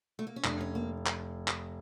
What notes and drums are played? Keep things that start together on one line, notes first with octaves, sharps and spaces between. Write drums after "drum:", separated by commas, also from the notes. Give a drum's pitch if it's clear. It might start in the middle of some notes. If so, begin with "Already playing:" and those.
A3
A#3
C#4
F1 D4, drum: clap
C#4
A#3
drum: clap
drum: clap